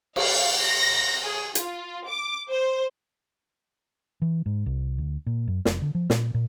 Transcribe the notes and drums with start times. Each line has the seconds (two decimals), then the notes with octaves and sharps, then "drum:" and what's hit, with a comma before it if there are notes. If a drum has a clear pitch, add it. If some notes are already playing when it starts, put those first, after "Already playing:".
0.16 F5, drum: cymbal
0.61 A#6
1.24 G#4
1.55 F4, drum: hi-hat
2.07 D6
2.50 C5
4.22 E3
4.46 G#2
4.66 C2
4.98 D2
5.26 A#2
5.48 F#2
5.65 F1, drum: snare
5.82 D3
5.95 F3
6.10 A#2, drum: snare
6.34 A#2